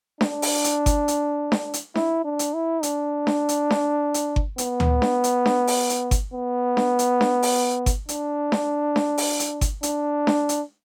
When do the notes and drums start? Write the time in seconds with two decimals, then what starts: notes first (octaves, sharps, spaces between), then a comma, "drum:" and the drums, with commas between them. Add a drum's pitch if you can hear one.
0.21 D4, drum: snare D4
0.42 drum: open hi-hat
0.64 drum: hi-hat
0.86 drum: kick G1, hi-hat
1.08 drum: hi-hat
1.52 drum: snare D4
1.74 drum: hi-hat
1.95 E4, drum: snare D4
2.25 D4
2.39 drum: hi-hat
2.54 E4
2.83 D4, drum: hi-hat
3.27 drum: snare D4
3.49 drum: hi-hat
3.70 drum: snare D4
4.14 drum: hi-hat
4.36 drum: kick G1
4.58 B3, drum: hi-hat
4.80 drum: tom D2
5.02 drum: snare D4
5.24 drum: hi-hat
5.46 drum: snare D4
5.67 drum: open hi-hat
5.89 drum: hi-hat
6.11 drum: kick G1, hi-hat
6.33 B3
6.77 drum: snare D4
6.99 drum: hi-hat
7.21 drum: snare D4
7.43 drum: open hi-hat
7.86 drum: kick G1, hi-hat
8.09 D4, drum: hi-hat
8.52 drum: snare D4
8.96 drum: snare D4
9.18 drum: open hi-hat
9.39 drum: hi-hat
9.61 drum: kick G1, hi-hat
9.83 D4, drum: hi-hat
10.27 drum: snare D4
10.49 drum: hi-hat